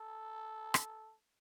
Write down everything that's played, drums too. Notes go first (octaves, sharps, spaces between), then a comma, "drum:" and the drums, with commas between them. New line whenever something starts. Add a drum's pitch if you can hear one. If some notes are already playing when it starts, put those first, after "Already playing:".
Already playing: A4
drum: rim click